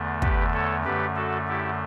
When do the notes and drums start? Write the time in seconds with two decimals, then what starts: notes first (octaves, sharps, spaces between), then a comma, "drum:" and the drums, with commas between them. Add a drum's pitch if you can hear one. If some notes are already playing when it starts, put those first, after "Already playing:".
Already playing: E2 D3 A3
0.22 G4 B4, drum: kick
0.53 A4 C#5
0.85 F#2 D3 A3 G4 B4
1.16 F#4 A4
1.48 E4 G4